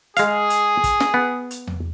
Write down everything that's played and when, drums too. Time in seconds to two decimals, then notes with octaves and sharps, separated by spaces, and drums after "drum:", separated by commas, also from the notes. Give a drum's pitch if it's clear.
0.17 G#3 G#4 F5, drum: hi-hat
0.50 drum: hi-hat
0.84 drum: kick, hi-hat
1.00 drum: snare
1.14 B3
1.51 drum: hi-hat
1.67 drum: tom E2